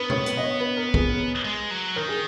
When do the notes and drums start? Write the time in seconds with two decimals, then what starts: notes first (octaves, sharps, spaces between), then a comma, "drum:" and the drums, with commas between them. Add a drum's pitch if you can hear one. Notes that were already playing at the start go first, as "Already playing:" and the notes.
Already playing: B3 A#4 B4
0.10 C#5, drum: tom A#2
0.26 drum: hi-hat
0.37 D#5
0.44 C#5
0.60 B4
0.77 A#4
0.94 G#4, drum: kick
1.45 G#3
1.71 F#3
1.96 D#3 A#4
2.09 G#4